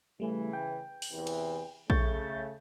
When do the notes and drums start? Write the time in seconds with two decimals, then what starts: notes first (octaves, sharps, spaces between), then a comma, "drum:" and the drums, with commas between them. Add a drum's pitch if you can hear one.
0.20 C#3 E3 G3 A3
0.53 G5
1.02 drum: open hi-hat
1.12 E2 C3 E3
1.27 drum: cymbal
1.90 C#3 A3 C#6 G6 A6, drum: kick A#1